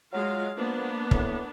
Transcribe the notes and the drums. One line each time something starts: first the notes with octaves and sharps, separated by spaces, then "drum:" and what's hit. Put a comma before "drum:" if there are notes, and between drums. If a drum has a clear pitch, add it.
F#3 G#3 F4 F5
F3 A#3 B3 D4
A2, drum: kick